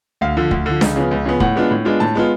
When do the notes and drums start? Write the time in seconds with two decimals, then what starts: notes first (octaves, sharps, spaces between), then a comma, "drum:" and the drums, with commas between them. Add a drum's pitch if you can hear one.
0.21 D2 F5
0.37 D3 F3
0.51 D2, drum: kick
0.66 D3 F3
0.81 C#2, drum: snare D4
0.96 C#3 F3 B3
1.11 C#2
1.25 C#3 F3 B3
1.40 A2 F#5, drum: kick
1.56 G#3 B3 D4 F4
1.71 A2
1.85 G#3 B3 D4 F4
2.00 A2 A5
2.15 G#3 B3 F4